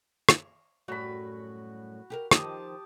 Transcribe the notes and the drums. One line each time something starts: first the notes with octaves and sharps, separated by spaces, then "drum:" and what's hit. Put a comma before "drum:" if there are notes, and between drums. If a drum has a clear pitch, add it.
drum: rim click
F#2 A2 G3 F#4 B5
G4 G#4 A#4
D#3 F3 G4 A5 D#6, drum: rim click